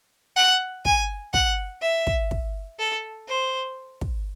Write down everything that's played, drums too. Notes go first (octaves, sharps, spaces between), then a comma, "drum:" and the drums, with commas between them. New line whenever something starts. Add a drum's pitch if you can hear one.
F#5
G#5, drum: kick
F#5, drum: kick
E5
drum: kick
drum: kick
A4
C5
drum: kick